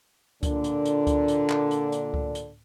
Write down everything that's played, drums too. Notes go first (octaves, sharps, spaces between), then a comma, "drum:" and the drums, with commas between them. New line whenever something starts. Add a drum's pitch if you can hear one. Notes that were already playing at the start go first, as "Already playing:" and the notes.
A#2 D3 D4, drum: kick C#2, hi-hat
drum: hi-hat
drum: hi-hat
drum: kick C#2, hi-hat
drum: hi-hat
drum: clap
drum: hi-hat
drum: hi-hat
drum: kick C#2
drum: hi-hat